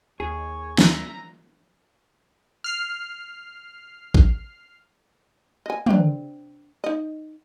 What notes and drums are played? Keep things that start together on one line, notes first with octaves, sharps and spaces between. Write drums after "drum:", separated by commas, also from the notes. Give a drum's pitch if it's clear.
D#2 G#4 C#5
E5 A#5, drum: snare
F6 C7
drum: kick
D#5 G#5
C4 D4, drum: tom
D#4 D#5